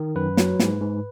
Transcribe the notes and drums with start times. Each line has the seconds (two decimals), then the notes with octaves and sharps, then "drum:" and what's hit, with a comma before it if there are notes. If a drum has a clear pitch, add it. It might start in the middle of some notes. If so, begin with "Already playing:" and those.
Already playing: D#3
0.15 F#2 B4
0.37 F#3, drum: snare
0.59 G#2, drum: snare
0.81 G#2